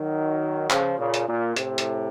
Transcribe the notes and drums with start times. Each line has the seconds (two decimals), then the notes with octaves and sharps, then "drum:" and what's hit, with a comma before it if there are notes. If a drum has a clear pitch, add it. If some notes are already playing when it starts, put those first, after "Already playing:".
Already playing: D#3 F#3
0.70 C#3 F3, drum: clap
0.99 A#2 C#3
1.14 drum: hi-hat
1.28 A#2
1.56 A2 C3, drum: hi-hat
1.78 drum: hi-hat